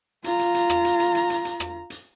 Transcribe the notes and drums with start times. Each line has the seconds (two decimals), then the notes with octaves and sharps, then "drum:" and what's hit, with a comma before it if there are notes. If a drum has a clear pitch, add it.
0.24 F4 A#5, drum: hi-hat
0.39 drum: hi-hat
0.54 drum: hi-hat
0.69 drum: rim click
0.85 drum: hi-hat
1.00 drum: hi-hat
1.15 drum: hi-hat
1.30 drum: hi-hat
1.45 drum: hi-hat
1.60 drum: rim click
1.90 drum: hi-hat